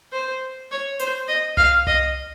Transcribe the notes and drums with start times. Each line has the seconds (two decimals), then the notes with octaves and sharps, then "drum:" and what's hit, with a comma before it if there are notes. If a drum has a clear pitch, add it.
0.13 C5
0.71 C#5
0.99 C5, drum: hi-hat
1.28 D#5
1.57 F5, drum: tom C2
1.87 D#5, drum: tom C2